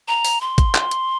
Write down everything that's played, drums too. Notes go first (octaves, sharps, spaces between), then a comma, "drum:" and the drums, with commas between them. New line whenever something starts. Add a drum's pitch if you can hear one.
A#5
drum: open hi-hat
C6
drum: kick G#1, hi-hat
drum: clap
drum: hi-hat